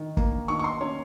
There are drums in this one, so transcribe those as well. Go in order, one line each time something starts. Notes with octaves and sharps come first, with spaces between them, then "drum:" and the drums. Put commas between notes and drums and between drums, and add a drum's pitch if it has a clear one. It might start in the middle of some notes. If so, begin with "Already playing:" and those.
Already playing: D#3
A#3, drum: kick
D#3 C#6
C#6
C6
C#4 C#5